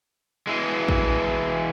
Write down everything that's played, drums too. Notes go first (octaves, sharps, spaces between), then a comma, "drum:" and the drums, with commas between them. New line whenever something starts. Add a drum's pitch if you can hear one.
E3 G#3
drum: kick A1